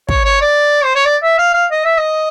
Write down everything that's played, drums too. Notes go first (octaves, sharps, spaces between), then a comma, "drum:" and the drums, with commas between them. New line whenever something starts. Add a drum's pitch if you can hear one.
C#5, drum: kick
C#5
D5
C5
C#5
D5
E5
F5
F5
D#5
E5
D#5